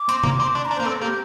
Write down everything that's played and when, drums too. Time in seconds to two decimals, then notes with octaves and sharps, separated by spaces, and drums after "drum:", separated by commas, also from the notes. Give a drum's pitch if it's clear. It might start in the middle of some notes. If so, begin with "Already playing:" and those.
Already playing: D6
0.09 C4, drum: hi-hat
0.24 A#3, drum: tom
0.40 C4
0.55 D4 C6
0.65 A#5
0.71 D4
0.76 A#3 C5
0.86 C4 A4
1.01 A#3 G4